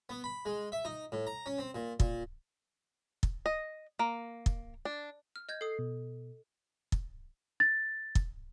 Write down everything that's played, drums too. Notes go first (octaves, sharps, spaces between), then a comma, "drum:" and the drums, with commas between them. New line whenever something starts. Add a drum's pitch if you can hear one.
B3
B5
G#3
E5
D#4
A2
A#5
C#4
C4
A#2
A#2, drum: kick
drum: kick
D#5
A#3
drum: kick
D4
F6
D#5 G6 G#6
A4 D#6 C7
B2
drum: kick
A6
drum: kick